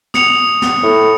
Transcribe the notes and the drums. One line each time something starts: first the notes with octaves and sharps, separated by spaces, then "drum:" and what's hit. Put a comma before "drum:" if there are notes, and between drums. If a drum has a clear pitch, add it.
D#6 C#7 F7, drum: snare
drum: snare
A2